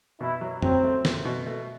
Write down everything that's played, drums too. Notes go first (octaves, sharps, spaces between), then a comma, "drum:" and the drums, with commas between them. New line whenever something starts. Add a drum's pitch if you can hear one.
B2 E4
F#3
F#3 C4, drum: tom F2
A3
A3, drum: snare
B2
A3